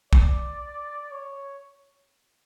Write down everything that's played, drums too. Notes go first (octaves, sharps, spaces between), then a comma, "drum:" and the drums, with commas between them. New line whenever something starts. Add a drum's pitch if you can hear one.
D5, drum: kick
C#5